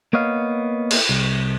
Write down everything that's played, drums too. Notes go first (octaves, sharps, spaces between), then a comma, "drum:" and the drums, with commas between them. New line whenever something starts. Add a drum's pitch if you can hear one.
A#3 B3 C#5 D#5 F5
drum: cymbal
C2